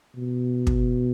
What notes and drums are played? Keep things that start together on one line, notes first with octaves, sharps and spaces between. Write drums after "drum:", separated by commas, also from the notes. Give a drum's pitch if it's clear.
B2
drum: kick